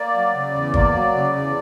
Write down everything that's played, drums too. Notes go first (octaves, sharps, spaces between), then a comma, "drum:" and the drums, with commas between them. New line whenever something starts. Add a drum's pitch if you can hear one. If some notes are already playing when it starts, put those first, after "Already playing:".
Already playing: A#3 D5
F#3
C#3
E2
A#3 D5, drum: kick
F#3
C#3
E2